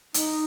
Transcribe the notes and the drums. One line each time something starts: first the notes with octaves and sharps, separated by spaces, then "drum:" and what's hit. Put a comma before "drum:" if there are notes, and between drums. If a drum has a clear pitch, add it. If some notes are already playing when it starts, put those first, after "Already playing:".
D#4, drum: hi-hat